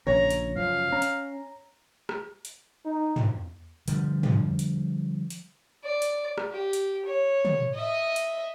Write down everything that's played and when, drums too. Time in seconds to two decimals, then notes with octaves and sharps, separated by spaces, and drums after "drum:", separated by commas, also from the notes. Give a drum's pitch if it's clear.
0.07 A#1 C#3 C#5 A#5
0.30 drum: hi-hat
0.56 F#2 F3 F5
0.92 C#4 A#5
1.02 drum: hi-hat
2.09 drum: rim click
2.45 drum: hi-hat
2.86 D#4
3.16 drum: tom
3.88 D3 F3 G3, drum: hi-hat
4.23 drum: tom
4.59 drum: hi-hat
5.30 drum: hi-hat
5.84 D5
6.02 drum: hi-hat
6.38 drum: rim click
6.51 G4
6.73 drum: hi-hat
7.05 C#5
7.45 drum: tom
7.74 D#5 E5
8.16 drum: hi-hat